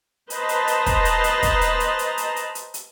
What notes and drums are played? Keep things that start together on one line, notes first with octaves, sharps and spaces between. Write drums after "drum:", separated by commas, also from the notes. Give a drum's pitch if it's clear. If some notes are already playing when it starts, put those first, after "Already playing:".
B4 C5 D#5 A5 A#5, drum: hi-hat
drum: hi-hat
drum: hi-hat
drum: kick, hi-hat
drum: hi-hat
drum: hi-hat
drum: kick, hi-hat
drum: hi-hat
drum: hi-hat
drum: hi-hat
drum: hi-hat
drum: hi-hat
drum: hi-hat
drum: hi-hat